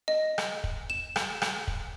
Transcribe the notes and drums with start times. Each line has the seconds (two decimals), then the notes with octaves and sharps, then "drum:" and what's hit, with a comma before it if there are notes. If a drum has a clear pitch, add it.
0.08 D#5
0.38 drum: rim click
0.64 drum: kick
0.90 E7
1.16 drum: rim click
1.42 drum: rim click
1.68 drum: kick